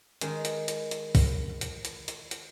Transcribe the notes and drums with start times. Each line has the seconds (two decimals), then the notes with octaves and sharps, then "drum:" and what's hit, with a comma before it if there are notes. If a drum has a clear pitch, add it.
0.21 D#3 G#3, drum: hi-hat
0.45 drum: hi-hat
0.68 drum: hi-hat
0.91 drum: hi-hat
1.15 drum: kick, open hi-hat
1.61 drum: hi-hat
1.85 drum: hi-hat
2.08 drum: hi-hat
2.31 drum: hi-hat